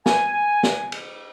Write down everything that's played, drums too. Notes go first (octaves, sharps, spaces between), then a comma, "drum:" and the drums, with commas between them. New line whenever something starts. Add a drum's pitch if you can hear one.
G#5, drum: snare
drum: snare
drum: cymbal